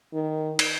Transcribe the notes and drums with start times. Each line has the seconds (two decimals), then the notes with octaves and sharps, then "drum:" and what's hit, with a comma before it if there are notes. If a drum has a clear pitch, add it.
0.13 D#3
0.59 drum: cymbal